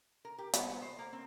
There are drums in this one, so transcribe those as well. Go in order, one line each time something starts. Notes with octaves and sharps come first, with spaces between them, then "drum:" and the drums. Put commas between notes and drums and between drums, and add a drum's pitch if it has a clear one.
A#4
G4
B3, drum: hi-hat
B3
C5
A#3
C4